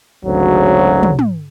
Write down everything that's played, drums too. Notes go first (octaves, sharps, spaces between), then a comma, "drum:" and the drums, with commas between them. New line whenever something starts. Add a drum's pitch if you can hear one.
G#1 D2 C#3 F#3
drum: tom
drum: tom